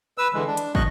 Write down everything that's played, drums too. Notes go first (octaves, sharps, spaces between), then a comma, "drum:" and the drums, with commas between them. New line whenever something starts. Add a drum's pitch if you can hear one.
B4 E6
D3 E3 G#3
D4
drum: hi-hat
D#5 C#6 F#6, drum: kick